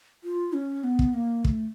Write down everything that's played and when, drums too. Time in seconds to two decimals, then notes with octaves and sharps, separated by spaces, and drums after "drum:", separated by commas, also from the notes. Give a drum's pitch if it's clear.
0.24 F4
0.53 C#4
0.84 B3
0.99 drum: kick
1.14 A#3
1.45 A3, drum: kick